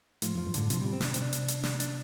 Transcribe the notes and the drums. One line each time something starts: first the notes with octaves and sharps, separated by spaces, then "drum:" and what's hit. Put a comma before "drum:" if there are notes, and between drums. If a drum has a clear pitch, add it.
A2 F3, drum: hi-hat
F2 F3
G2
A2 D3, drum: hi-hat
C3 F3, drum: hi-hat
C3 G3
C4
C3 D4, drum: snare
C3 C4, drum: hi-hat
D4
drum: hi-hat
drum: hi-hat
D4, drum: snare
D4, drum: hi-hat